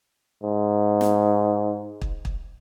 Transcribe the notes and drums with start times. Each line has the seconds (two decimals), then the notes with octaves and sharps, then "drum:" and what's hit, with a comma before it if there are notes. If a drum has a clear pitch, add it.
0.43 G#2
1.01 drum: snare
2.01 drum: kick
2.25 drum: kick